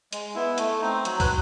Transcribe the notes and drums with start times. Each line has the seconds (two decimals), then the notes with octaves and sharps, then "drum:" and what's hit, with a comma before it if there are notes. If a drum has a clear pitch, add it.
0.13 G#3, drum: hi-hat
0.35 B3 E4
0.58 A3, drum: hi-hat
0.81 C4 D#4
1.05 F#3, drum: hi-hat
1.20 B4, drum: kick, open hi-hat